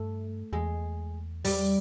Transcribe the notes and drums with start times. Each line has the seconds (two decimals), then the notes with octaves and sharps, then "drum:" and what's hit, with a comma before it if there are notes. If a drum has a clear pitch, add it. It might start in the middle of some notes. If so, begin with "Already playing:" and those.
Already playing: G2 A3
0.53 E2 G#3
1.45 G3, drum: open hi-hat